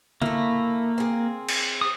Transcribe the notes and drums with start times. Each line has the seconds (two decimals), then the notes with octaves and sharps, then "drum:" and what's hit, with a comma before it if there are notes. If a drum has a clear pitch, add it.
0.22 A3 A#3 E4, drum: tom D3
0.98 C4 G#4
1.48 drum: cymbal
1.81 D#6